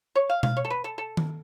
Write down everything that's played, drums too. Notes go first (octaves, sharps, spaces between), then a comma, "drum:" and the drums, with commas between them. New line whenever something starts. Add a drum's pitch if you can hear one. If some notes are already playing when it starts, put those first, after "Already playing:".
C#5
F5
F5, drum: tom B2
C#5
A4
B4
A4
A4
drum: tom D#3